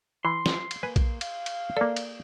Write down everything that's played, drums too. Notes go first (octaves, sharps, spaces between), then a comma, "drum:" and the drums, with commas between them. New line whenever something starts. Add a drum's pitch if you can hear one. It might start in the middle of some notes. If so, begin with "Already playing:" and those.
E3 C6
drum: snare
drum: cymbal
A#3 B4 G#5
drum: kick A#1, cymbal
F5, drum: cymbal
drum: cymbal
A#3 A4 D5
drum: cymbal